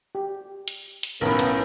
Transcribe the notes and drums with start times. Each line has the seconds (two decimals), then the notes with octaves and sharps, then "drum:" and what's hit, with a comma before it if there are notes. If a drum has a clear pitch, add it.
0.15 G4
0.68 drum: hi-hat
1.03 drum: hi-hat
1.21 B1 A2 B3 C#4 A#4
1.39 drum: hi-hat